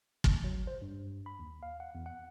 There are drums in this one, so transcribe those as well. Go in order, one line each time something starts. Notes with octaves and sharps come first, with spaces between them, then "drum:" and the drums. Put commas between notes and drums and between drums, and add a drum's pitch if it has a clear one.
drum: kick
F#3
C5
G2
B5
D#2
F5
F#5
E2
F#5